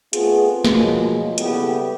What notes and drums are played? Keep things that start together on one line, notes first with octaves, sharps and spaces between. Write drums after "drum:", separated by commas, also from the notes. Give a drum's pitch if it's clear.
A3 B3 C4 F4 G#4, drum: hi-hat
B2 F3 F#3 G#3 A#3, drum: snare
C#3 G3 B3 E4 G4 A4, drum: hi-hat